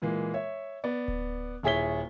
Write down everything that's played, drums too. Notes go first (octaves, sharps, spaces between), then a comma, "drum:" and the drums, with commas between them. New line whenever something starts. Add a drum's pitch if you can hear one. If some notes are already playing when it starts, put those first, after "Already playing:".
A#2 E3 G#3 A#3
C#5 E5
B3 D5
drum: kick D1
D#1 E4 G#4 C#5 B6 G7